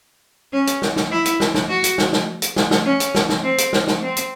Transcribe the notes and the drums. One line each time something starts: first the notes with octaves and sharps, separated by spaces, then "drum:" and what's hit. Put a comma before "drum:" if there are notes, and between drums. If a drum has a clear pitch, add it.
C#4
drum: hi-hat
drum: snare
drum: snare
E4
drum: hi-hat
drum: snare
drum: snare
F#4
drum: hi-hat
drum: snare
drum: snare
drum: hi-hat
drum: snare
drum: snare
C#4
drum: hi-hat
drum: snare
drum: snare
C4
drum: hi-hat
drum: snare
drum: snare
C4
drum: hi-hat